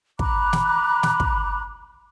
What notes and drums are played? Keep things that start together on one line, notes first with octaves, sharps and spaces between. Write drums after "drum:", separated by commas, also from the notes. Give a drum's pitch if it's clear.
A#5 B5 D6 F#6, drum: kick
drum: snare
drum: snare
drum: kick